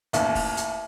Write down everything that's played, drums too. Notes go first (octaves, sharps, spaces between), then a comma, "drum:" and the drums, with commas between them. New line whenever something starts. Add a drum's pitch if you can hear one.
A1 D#2 E3, drum: hi-hat
drum: kick, open hi-hat
drum: hi-hat